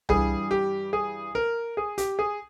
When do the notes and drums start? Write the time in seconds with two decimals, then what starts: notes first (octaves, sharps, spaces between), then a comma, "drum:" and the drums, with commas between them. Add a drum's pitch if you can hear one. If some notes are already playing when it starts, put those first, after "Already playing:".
0.09 G2 E3 G3 G#4, drum: tom C2
0.51 G4
0.93 G#4
1.35 A#4
1.77 G#4
1.98 G4, drum: hi-hat
2.19 G#4